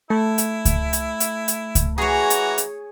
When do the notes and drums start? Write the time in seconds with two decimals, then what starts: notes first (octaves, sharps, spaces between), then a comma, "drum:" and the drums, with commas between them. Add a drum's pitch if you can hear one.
0.10 A3 E4
0.38 drum: hi-hat
0.65 drum: kick C#2, hi-hat
0.93 drum: hi-hat
1.20 drum: hi-hat
1.48 drum: hi-hat
1.75 drum: kick C#2, hi-hat
1.98 E3 F#4 G#4 C#5 A#5
2.30 drum: hi-hat
2.58 drum: hi-hat